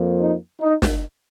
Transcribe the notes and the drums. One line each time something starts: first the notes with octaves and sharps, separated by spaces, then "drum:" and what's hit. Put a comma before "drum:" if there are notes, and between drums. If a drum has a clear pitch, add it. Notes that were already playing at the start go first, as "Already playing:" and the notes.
Already playing: F2 F3 A#3
D#4
D#4
drum: snare